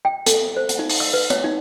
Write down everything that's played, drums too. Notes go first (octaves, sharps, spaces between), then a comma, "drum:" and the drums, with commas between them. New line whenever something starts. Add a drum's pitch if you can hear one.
G5
A4, drum: hi-hat
C5
drum: hi-hat
D#4
drum: open hi-hat
E6
B4
C#5, drum: hi-hat
D#4